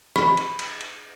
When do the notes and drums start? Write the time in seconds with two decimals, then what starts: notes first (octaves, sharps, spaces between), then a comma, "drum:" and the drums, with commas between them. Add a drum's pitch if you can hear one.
0.16 B5, drum: rim click
0.37 drum: cymbal
0.59 drum: cymbal
0.81 drum: cymbal